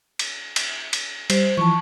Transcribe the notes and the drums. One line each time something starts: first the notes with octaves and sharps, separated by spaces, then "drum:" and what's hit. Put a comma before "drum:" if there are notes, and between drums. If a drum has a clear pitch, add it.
drum: cymbal
drum: cymbal
drum: cymbal
G3 C5, drum: cymbal
E3 F3 A5 C#6